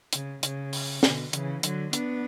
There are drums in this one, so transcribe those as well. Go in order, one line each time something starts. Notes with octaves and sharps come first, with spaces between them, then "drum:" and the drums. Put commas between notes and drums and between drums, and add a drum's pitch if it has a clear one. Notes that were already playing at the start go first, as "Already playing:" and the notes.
C#3, drum: hi-hat
C#3, drum: hi-hat
drum: open hi-hat
B2 D3, drum: snare
C#3 E3, drum: hi-hat
D3 F#3, drum: hi-hat
B3 D4, drum: hi-hat